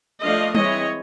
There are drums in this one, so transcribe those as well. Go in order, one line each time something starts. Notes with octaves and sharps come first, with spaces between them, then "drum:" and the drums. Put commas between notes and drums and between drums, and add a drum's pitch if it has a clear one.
F3 A3 D4 D#5 F5
E3 G#3 C4 E4 C#5 D#5, drum: tom G3